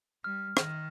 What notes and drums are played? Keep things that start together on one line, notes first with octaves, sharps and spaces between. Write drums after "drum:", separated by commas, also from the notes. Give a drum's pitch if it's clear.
G3 F6
D#3, drum: rim click